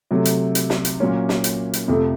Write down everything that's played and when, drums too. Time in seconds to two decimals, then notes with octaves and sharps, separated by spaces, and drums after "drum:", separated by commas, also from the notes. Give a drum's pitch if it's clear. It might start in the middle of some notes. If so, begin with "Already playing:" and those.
0.11 C3 F#3 A3
0.25 drum: hi-hat
0.55 drum: hi-hat
0.70 drum: snare
0.85 drum: hi-hat
1.00 A#2 F#3 A#3 C#4
1.29 drum: snare
1.44 drum: hi-hat
1.73 drum: hi-hat
1.88 F2 C3 F3 A3